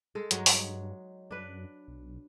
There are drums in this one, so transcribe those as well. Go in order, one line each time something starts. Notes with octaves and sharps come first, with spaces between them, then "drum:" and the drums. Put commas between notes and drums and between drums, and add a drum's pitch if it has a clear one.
G#3 A4
G2 F#3 G#3 D#4, drum: hi-hat
drum: open hi-hat
F#2 D4 B4
B1